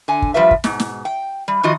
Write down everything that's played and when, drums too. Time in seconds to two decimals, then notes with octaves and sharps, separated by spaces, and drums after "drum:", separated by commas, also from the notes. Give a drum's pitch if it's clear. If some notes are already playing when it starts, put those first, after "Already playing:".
0.08 D3 G#5
0.22 drum: kick
0.34 F3 G3 F4 B4 E5
0.51 drum: kick
0.64 G#2 B2, drum: snare
0.80 drum: snare
1.05 G5
1.48 G3
1.63 D#3 F3 F4 F#4 D#5